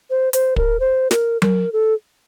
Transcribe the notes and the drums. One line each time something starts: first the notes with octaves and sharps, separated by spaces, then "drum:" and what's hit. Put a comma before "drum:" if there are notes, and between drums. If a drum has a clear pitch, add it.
C5
C5, drum: hi-hat
A#4, drum: kick
C5
A#4, drum: snare
A#4, drum: tom F#3
A4